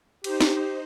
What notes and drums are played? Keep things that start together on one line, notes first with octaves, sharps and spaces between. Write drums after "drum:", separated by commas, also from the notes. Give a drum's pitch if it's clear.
D#4 G4 C5, drum: cymbal
drum: snare